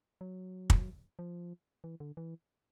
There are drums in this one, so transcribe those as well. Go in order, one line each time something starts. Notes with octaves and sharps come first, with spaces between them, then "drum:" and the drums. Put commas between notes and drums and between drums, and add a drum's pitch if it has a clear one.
F#3
drum: kick
F3
E3
D3
E3